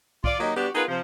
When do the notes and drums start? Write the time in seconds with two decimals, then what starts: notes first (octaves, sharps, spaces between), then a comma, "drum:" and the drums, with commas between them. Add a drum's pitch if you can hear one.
0.24 F4 D5, drum: kick B1
0.40 F#3 A#3 D#4 G4 D#5
0.56 G3 B3 D4 F#4 G4
0.75 B3 D#4 F4 G#4 A#4 B4
0.88 C3 F3